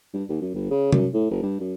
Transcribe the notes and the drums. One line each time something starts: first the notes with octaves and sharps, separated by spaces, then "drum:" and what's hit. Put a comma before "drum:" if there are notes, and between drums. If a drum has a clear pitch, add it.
G2
D#2
F#2
G1
C#3
F#2, drum: tom C3
A2
F#1
G2
F#2